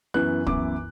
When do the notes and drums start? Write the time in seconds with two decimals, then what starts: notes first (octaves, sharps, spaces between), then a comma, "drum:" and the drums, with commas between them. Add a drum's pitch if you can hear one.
0.14 F#2 E3 B3 E4 F#6
0.47 F#2 E3 B3 E4 D6, drum: kick